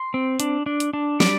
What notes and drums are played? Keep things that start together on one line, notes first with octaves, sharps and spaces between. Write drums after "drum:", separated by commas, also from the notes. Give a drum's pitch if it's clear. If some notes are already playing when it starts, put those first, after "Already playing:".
Already playing: C6
C4
D4, drum: hi-hat
D4
drum: hi-hat
D4
G3 D5, drum: snare